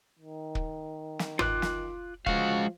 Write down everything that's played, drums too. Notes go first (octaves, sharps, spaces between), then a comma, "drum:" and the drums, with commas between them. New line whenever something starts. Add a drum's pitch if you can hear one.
D#3
drum: kick
drum: snare
F4 D6 F#6, drum: tom
drum: snare
F3 G#3 F#4 F5, drum: kick